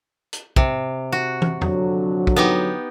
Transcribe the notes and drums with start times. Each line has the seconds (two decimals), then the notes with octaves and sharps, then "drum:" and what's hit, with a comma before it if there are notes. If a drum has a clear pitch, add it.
0.33 drum: hi-hat
0.56 C3, drum: kick
1.12 F#4
1.42 drum: tom
1.61 F2 D3 F#3, drum: tom E2
2.27 drum: kick
2.36 B3 D#4 G4